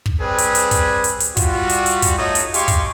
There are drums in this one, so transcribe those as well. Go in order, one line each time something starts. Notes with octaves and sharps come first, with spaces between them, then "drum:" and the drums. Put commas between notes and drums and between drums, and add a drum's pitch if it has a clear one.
drum: kick
G3 C4 G#4 B4
drum: hi-hat
drum: hi-hat
drum: kick, hi-hat
drum: hi-hat
drum: hi-hat
G3 F4 F#4, drum: kick, hi-hat
drum: hi-hat
drum: hi-hat
drum: kick, hi-hat
A3 D#4 F#4 A4 C#5 D#5
drum: hi-hat
G#3 G4 F5 G#5 C6 C#6, drum: hi-hat
drum: kick, hi-hat